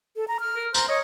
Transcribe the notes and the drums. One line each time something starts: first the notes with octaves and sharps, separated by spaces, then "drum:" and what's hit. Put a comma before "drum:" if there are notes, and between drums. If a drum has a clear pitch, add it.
A4
A#5
F6
A#4
C5 A#5, drum: tambourine
C#5 D#5